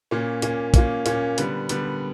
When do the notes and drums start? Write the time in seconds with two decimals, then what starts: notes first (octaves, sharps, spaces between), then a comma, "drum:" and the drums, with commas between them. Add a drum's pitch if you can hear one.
0.11 A#2 A#3 C#4
0.42 A#2 A#3 C#4, drum: hi-hat
0.74 A#2 A#3 C#4, drum: kick, hi-hat
1.06 A#2 A#3 C#4, drum: hi-hat
1.38 D3 G3 B3, drum: hi-hat
1.69 D3 G3 B3, drum: hi-hat